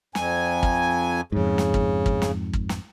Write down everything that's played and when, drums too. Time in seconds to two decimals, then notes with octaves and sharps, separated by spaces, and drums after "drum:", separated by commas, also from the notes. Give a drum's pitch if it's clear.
0.15 F2 G#5, drum: snare
0.63 drum: kick
1.32 F2 G#2 C#3
1.58 drum: snare
1.74 drum: kick
2.06 drum: kick
2.22 drum: snare
2.53 drum: kick
2.69 drum: snare